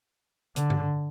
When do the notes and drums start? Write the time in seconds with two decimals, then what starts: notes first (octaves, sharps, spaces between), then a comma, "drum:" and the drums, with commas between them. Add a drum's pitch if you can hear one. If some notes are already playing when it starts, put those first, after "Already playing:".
0.56 D3, drum: hi-hat
0.70 drum: tom G2